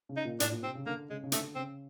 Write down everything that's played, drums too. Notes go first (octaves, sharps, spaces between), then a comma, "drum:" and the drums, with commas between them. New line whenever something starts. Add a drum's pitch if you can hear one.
C#3
D#4
A#2
A2 D4, drum: hi-hat
A#2
C3 C4
C#3
D3 A#3
C#3 G#3
C#3
D3 A3, drum: hi-hat
C#3 C4